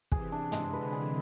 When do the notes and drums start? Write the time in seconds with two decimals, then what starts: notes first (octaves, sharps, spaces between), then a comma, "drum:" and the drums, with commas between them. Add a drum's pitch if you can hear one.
0.12 C3 E3 G#4, drum: kick
0.32 D4
0.52 G#3, drum: tom
0.73 D3 B4
0.92 G#4